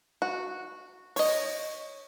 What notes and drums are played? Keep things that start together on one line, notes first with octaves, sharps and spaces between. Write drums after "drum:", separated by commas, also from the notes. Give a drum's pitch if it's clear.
F#4
C#5 D#5, drum: open hi-hat